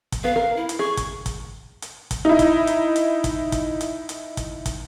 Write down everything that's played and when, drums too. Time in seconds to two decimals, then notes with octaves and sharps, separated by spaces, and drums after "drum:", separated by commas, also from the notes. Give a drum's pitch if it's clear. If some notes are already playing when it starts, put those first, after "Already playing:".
0.12 drum: kick, hi-hat
0.24 B3 B4 F5
0.36 A#4
0.57 E4
0.69 drum: hi-hat
0.79 G#4 C#6
0.97 drum: kick, hi-hat
1.26 drum: kick, hi-hat
1.82 drum: hi-hat
2.11 drum: kick, hi-hat
2.25 D#4 E4
2.39 drum: kick, hi-hat
2.67 drum: hi-hat
2.96 drum: hi-hat
3.24 drum: kick, hi-hat
3.52 drum: kick, hi-hat
3.81 drum: hi-hat
4.09 drum: hi-hat
4.37 drum: kick, hi-hat
4.66 drum: kick, hi-hat